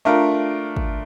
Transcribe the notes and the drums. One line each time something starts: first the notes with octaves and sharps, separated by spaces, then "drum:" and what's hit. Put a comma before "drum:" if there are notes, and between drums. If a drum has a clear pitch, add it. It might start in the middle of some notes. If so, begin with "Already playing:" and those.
A3 D4 F4 A#4
drum: kick